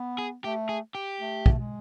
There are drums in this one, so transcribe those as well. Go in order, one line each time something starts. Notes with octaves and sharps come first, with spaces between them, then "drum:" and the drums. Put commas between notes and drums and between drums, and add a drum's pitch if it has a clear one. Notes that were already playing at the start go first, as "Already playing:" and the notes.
Already playing: B3
G#4
A3 G4
G#4
G4
A3
drum: kick
G#3